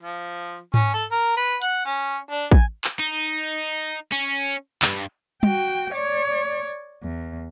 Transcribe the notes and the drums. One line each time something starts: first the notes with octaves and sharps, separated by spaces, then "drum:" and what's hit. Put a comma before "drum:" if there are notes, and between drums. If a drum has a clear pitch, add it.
F3
C#4, drum: tom G#2
A4
A#4
B4
F#5, drum: hi-hat
C#4
D4
G#5, drum: kick
drum: clap
D#4
C#4, drum: hi-hat
D2 G2, drum: clap
F#4 G5, drum: tom
C#5 D5
E2